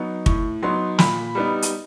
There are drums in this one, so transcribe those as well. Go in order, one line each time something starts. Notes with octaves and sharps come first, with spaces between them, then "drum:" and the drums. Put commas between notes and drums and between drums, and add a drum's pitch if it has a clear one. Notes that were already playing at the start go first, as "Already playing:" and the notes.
Already playing: F#3 B3 D#4
A2 C#6, drum: kick
F#3 B3 D#4 C6
A#2 B5, drum: snare
G3 B3 D#4
drum: hi-hat